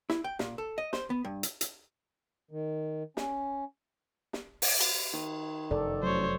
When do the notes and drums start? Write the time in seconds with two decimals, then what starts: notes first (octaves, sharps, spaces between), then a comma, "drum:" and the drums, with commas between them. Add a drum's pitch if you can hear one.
0.10 E4, drum: snare
0.24 G5
0.39 A#2, drum: snare
0.58 A4
0.78 D#5
0.93 C5, drum: snare
1.10 B3
1.25 G2
1.43 drum: hi-hat
1.61 drum: hi-hat
2.51 D#3
3.17 C#4, drum: snare
4.33 drum: snare
4.62 drum: open hi-hat
4.81 drum: cymbal
5.14 D#3
5.71 F1 F#2 A4 D5
6.03 A1 F#3 C5 C#5